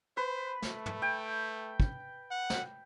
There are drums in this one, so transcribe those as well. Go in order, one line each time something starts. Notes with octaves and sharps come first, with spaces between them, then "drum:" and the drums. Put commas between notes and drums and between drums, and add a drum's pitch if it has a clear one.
B4 C5
A3, drum: snare
drum: tom
G5
drum: kick
F#5
drum: snare